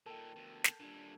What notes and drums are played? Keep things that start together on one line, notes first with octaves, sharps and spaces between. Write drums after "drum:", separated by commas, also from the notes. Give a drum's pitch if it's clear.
A#2 D#3 A4 A#4 G5
D2 B2
drum: snare
A#2 G3 D4 G#6